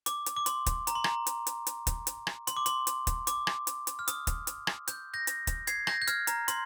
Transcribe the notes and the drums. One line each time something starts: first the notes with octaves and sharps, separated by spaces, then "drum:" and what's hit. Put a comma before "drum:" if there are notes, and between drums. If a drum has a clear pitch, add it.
D6, drum: hi-hat
drum: hi-hat
D6
C6, drum: hi-hat
drum: kick, hi-hat
A#5, drum: hi-hat
C6
A#5, drum: rim click
drum: hi-hat
drum: hi-hat
drum: hi-hat
drum: kick, hi-hat
drum: hi-hat
drum: rim click
C6, drum: hi-hat
D6
C6, drum: hi-hat
drum: hi-hat
drum: kick, hi-hat
D6, drum: hi-hat
drum: rim click
drum: hi-hat
drum: hi-hat
F6
D#6, drum: hi-hat
drum: kick, hi-hat
drum: hi-hat
drum: rim click
G6, drum: hi-hat
G6 A#6
drum: hi-hat
drum: kick, hi-hat
G#6 C7, drum: hi-hat
G6 A#6, drum: rim click
G6
F6 G#6, drum: hi-hat
A#5, drum: hi-hat
C6, drum: hi-hat